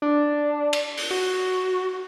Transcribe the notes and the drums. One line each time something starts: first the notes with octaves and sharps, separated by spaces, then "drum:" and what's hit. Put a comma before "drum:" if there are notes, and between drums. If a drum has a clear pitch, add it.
D4
drum: cymbal
drum: open hi-hat
F#4